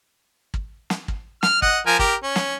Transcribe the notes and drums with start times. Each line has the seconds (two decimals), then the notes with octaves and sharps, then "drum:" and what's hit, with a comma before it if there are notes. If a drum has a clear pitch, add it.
0.54 drum: kick
0.90 drum: snare
1.08 drum: kick
1.43 F6, drum: snare
1.62 D#5 F#5, drum: kick
1.86 F3 A#4 G#5
1.99 G4 A#4, drum: kick
2.23 C#4
2.36 drum: snare